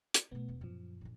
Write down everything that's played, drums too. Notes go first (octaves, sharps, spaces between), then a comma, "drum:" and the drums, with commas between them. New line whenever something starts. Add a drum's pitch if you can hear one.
drum: hi-hat
B2 A3 B3
E1
F#2 A#2 F3
A#2 D3